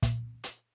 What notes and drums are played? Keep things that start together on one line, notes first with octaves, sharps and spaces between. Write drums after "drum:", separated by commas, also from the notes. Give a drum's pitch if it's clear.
A#2, drum: kick, hi-hat
drum: hi-hat